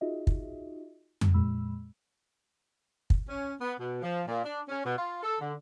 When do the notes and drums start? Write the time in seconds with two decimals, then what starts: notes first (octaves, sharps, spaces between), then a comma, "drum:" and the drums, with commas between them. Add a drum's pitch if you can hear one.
0.01 D#4 F4 F#4 G#4 D#5 E5
0.27 drum: kick
1.21 drum: tom F2
1.34 F2 A#2 G#3 B5 E6
3.10 drum: kick
3.28 C#4
3.61 B3
3.79 B2
4.03 F3
4.28 A#2
4.43 D4
4.68 C#4
4.85 B2
4.97 F4
5.23 A4
5.41 D3